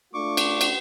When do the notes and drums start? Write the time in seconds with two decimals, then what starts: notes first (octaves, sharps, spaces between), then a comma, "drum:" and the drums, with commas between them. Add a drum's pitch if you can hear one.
0.14 A3 D4 F4 C#6 D6
0.37 drum: cymbal
0.61 drum: cymbal